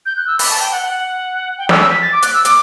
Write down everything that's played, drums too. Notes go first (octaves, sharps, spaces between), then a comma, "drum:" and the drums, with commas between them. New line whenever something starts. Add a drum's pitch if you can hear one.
G6
F#6
E6
B5, drum: open hi-hat
A5
G5
F#5
F#5
G5
E6, drum: snare
E6
B6
A6
D6
F#6, drum: hi-hat
E6
D6, drum: hi-hat